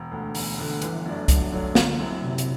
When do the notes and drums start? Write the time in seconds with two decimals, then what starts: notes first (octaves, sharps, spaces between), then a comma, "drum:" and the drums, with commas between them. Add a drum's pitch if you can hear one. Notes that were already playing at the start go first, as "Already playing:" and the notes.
Already playing: E1
0.11 D2 D3
0.35 E1, drum: open hi-hat
0.58 D2 D3
0.82 G1 E3, drum: hi-hat
1.05 F#2 F#3 A3 D4
1.28 G1 F#3, drum: kick, hi-hat
1.52 F#2 F#3 A3 D4
1.75 F#1 D3, drum: snare
1.99 F#2 F#3 C4 E4
2.22 F#1 C3
2.38 drum: hi-hat